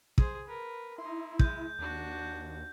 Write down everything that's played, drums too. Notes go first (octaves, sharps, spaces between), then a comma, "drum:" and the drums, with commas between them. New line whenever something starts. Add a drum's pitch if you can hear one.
G#4 C5, drum: kick
A#4 B4
D#4 E4 C6
G#3 G6, drum: kick
D#2 D4 F#4